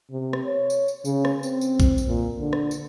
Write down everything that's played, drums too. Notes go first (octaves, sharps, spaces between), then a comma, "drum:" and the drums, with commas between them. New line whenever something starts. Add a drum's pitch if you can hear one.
C3
drum: rim click
C#5
drum: tambourine
drum: tambourine
C#3, drum: tambourine
drum: rim click
C4, drum: tambourine
drum: tambourine
drum: kick A#1, tambourine
drum: tambourine
A#2
D3
drum: rim click
drum: tambourine